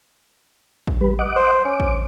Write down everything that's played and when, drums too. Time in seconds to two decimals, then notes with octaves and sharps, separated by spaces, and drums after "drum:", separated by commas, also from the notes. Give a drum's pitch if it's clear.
0.87 drum: kick A1
1.01 G3 B4
1.19 D#5 F#5 D6
1.36 C5
1.65 C#4 D6
1.80 drum: kick A1